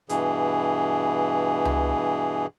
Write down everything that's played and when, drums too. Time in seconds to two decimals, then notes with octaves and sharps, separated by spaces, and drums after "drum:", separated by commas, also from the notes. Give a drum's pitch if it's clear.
0.09 G2 B2 E3 G#4, drum: hi-hat
1.65 drum: tom C#2